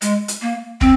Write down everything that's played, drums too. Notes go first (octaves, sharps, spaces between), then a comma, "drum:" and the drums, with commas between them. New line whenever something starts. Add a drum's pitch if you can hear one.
G#3, drum: hi-hat
drum: hi-hat
A#3
C4, drum: kick